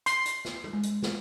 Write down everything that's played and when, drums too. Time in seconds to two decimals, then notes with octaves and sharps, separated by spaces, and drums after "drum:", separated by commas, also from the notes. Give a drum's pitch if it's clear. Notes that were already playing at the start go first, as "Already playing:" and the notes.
0.06 C6, drum: hi-hat
0.26 drum: hi-hat
0.45 drum: snare
0.64 drum: tom
0.73 G#3
0.83 drum: hi-hat
1.03 drum: snare